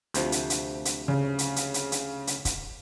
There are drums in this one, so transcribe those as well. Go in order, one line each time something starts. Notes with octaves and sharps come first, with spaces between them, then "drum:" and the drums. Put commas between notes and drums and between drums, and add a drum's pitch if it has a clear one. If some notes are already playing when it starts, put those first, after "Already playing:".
D2 C3 F3, drum: hi-hat
drum: hi-hat
drum: hi-hat
drum: hi-hat
C#3
drum: hi-hat
drum: hi-hat
drum: hi-hat
drum: hi-hat
drum: hi-hat
drum: kick, hi-hat